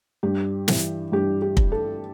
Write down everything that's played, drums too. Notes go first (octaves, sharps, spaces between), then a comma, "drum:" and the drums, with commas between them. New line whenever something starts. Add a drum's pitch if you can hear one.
G2 G4
E3, drum: snare
G2 G4
G4
G3, drum: kick
A4